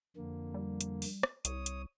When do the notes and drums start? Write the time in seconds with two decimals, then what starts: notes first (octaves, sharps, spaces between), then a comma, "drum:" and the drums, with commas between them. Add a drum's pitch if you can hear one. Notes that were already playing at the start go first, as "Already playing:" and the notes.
0.17 F2 D3 A#3
0.54 G3
0.81 drum: hi-hat
1.02 drum: open hi-hat
1.23 drum: rim click
1.45 C2 C#5 D#6, drum: hi-hat
1.66 drum: hi-hat